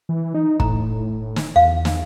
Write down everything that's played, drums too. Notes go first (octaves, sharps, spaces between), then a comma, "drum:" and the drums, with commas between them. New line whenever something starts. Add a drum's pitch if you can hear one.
E3
D#4
A2 A#5, drum: kick
drum: snare
E2 F5
drum: snare